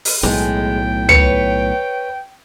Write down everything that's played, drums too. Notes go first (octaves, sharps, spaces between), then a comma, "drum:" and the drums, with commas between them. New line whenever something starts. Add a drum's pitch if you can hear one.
drum: open hi-hat
B1 A2 G#3 G5, drum: snare
B4 C#5 C#7, drum: tom C#2